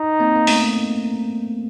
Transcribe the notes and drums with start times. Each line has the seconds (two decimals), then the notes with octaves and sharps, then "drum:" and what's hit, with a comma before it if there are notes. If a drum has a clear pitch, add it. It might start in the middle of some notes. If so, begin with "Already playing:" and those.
Already playing: D#4
0.20 A#3 C4
0.36 A#3
0.47 A3 B3, drum: open hi-hat